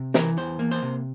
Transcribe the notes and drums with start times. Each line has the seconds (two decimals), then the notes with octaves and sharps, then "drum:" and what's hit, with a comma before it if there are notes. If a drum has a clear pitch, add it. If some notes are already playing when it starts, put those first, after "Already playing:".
Already playing: C3
0.14 E3 A#4, drum: snare
0.38 E2 C5
0.59 A#3
0.71 C5
0.83 C3